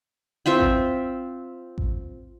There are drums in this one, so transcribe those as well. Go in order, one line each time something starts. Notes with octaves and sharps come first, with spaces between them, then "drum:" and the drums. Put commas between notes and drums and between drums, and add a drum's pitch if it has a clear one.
C4 F4 E5 G5
drum: kick A1
drum: kick A1